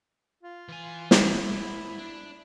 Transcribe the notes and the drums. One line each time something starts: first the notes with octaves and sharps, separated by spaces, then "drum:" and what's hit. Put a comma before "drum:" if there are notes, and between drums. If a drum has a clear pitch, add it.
F4
E3 G#5
E4, drum: snare
B1 G#2
D4